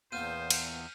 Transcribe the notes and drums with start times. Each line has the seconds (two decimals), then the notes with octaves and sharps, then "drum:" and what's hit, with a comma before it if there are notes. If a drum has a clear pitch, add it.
0.12 E2 A#2 B3 C4 C5 F6 G6 D#7
0.50 drum: cymbal